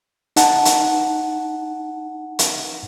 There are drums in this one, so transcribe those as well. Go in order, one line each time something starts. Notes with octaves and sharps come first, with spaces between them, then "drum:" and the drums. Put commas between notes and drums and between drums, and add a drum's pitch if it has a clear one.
D#4 F#5 A5, drum: hi-hat
drum: hi-hat
drum: hi-hat